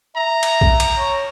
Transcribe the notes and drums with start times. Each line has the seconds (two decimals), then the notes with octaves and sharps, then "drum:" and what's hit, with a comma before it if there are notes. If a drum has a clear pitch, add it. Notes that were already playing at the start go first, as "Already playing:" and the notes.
0.16 E5 A#5
0.43 drum: cymbal
0.61 drum: kick A#1
0.80 drum: cymbal
0.98 C#5